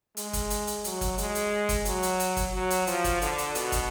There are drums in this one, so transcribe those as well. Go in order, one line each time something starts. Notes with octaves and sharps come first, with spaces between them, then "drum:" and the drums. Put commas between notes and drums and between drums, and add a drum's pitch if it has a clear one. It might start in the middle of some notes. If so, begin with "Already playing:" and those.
G#3, drum: hi-hat
drum: kick, hi-hat
drum: hi-hat
drum: hi-hat
F#3, drum: hi-hat
drum: kick, hi-hat
G#3, drum: hi-hat
drum: hi-hat
drum: kick, hi-hat
F#3, drum: hi-hat
drum: hi-hat
drum: hi-hat
drum: kick, hi-hat
F#3
drum: hi-hat
F3, drum: hi-hat
drum: kick, hi-hat
D3, drum: hi-hat
drum: hi-hat
B2, drum: hi-hat
drum: kick, hi-hat